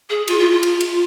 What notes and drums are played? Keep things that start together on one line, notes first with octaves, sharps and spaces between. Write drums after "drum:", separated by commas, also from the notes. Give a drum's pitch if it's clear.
G#4
F4, drum: cymbal
F4
F4
drum: cymbal
drum: cymbal